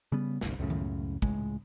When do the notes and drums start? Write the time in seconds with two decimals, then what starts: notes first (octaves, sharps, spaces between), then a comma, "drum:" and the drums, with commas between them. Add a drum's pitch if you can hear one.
0.12 C#3 G3 B3
0.41 G1 C2 G2, drum: snare
0.59 C#2 F#2 A2 C#3
0.70 drum: tom D#3
1.22 C#2 A2 G#3, drum: kick